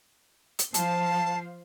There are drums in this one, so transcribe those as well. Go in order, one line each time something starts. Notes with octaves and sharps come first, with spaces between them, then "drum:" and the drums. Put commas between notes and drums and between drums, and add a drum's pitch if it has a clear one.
drum: hi-hat
F3 C5 F5 A5, drum: hi-hat